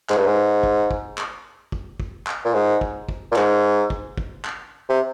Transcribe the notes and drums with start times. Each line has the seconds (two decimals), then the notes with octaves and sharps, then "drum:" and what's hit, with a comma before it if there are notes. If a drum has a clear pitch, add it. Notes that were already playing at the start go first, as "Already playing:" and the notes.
0.09 G#2, drum: clap
0.17 G2
0.26 G#2
0.63 drum: kick
0.91 drum: kick
1.18 drum: clap
1.72 drum: kick
2.00 drum: kick
2.27 drum: clap
2.45 A#2
2.53 G#2
2.81 drum: kick
3.09 drum: kick
3.32 A#2
3.36 G#2, drum: clap
3.90 drum: kick
4.18 drum: kick
4.45 drum: clap
4.90 C3